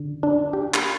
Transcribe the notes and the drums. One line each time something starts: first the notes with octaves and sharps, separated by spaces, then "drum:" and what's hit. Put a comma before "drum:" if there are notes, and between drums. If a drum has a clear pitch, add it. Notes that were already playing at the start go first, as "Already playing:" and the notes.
Already playing: D3
D4
G4
drum: clap